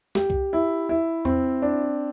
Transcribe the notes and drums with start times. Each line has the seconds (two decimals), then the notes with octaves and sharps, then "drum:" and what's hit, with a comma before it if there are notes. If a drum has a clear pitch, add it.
0.15 G4, drum: snare
0.30 drum: kick C2
0.53 E4
0.89 E4
1.25 C4, drum: tom E2
1.62 D4